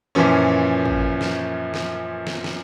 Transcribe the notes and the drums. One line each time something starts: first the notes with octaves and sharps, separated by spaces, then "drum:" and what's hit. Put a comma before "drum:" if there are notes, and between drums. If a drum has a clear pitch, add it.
F#2 A#2 E3 F3 C#4
drum: kick
drum: snare
drum: snare
drum: snare
drum: snare